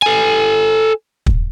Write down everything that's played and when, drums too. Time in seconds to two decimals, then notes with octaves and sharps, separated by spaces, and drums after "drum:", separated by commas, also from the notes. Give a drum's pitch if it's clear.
0.02 A4 G#5
1.26 drum: kick